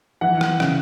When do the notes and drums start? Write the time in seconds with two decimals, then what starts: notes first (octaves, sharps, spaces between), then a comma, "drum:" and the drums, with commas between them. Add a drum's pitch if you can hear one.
0.21 E3 F#5
0.41 drum: rim click
0.60 C#3, drum: rim click